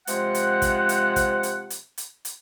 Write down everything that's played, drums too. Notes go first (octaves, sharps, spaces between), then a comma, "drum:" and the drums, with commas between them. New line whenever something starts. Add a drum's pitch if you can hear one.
C3 F3 G#3 F#5, drum: hi-hat
drum: hi-hat
drum: kick, hi-hat
drum: hi-hat
drum: kick, hi-hat
drum: hi-hat
drum: hi-hat
drum: hi-hat
drum: hi-hat